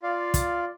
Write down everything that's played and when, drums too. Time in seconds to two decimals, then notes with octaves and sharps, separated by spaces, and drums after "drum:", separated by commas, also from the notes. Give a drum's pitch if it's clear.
0.03 F4 D5 F5
0.34 drum: kick, hi-hat